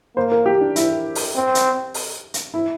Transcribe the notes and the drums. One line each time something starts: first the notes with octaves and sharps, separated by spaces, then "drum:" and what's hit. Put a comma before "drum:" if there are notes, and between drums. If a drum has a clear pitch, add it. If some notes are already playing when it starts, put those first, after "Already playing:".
A#3 C5
A#4
G4
D4
E4, drum: hi-hat
drum: open hi-hat
C4
drum: hi-hat
drum: open hi-hat
drum: hi-hat
E4